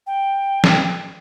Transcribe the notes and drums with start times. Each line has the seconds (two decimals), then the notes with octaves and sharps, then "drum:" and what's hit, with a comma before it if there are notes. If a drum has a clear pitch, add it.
0.07 G5
0.64 drum: snare